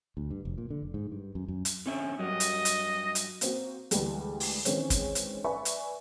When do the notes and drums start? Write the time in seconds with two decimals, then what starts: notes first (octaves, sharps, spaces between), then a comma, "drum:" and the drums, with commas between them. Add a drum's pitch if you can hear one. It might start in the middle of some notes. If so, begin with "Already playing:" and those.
0.17 D2
0.31 G2
0.45 F1
0.58 A#2
0.71 D3
0.83 F1
0.94 G#2
1.12 G2
1.35 F#2
1.48 F#2
1.65 drum: hi-hat
1.86 D3 C#4 E5
2.19 G2 F#3 D#5
2.40 drum: hi-hat
2.65 drum: hi-hat
3.15 drum: hi-hat
3.41 A#3 C4 F#4, drum: hi-hat
3.91 D2 E3 G3 G#3, drum: hi-hat
4.40 drum: open hi-hat
4.65 D#3 E3 G#3 C4 C#4, drum: hi-hat
4.90 drum: kick, hi-hat
5.15 drum: hi-hat
5.44 B4 D5 E5 G#5 B5 C#6
5.65 drum: hi-hat